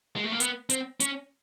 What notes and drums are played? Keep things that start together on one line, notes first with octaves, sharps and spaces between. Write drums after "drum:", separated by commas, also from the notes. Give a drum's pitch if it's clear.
G#3
A3
A#3
B3, drum: hi-hat
C4, drum: hi-hat
C#4, drum: hi-hat